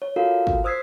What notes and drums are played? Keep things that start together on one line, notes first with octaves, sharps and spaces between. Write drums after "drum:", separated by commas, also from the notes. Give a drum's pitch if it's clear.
C#5
F4 F#4 A4 A#4 F5
drum: kick
C5 D#6 E6 G#6 B6 C7